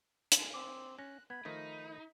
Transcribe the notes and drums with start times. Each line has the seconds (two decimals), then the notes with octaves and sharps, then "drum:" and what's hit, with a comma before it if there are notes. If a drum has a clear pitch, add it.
0.32 drum: hi-hat
0.54 C4 D6
0.99 C#4 F#6 A#6
1.30 B3 B5 G#6
1.45 D#3 F3 A3 D#4 B6